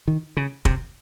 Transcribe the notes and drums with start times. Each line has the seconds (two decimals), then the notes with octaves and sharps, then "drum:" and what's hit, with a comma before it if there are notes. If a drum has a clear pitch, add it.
0.08 D#3
0.37 C#3
0.65 C3, drum: kick